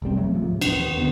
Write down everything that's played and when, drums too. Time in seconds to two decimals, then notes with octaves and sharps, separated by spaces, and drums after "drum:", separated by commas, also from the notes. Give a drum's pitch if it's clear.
0.02 E1 B1 G3 C4
0.17 F1 E2 F#3 A3
0.34 D1 G#2 C3 F3
0.61 D1 A#1 E2 D4, drum: cymbal
0.76 D#2
0.97 C#2 D3 B3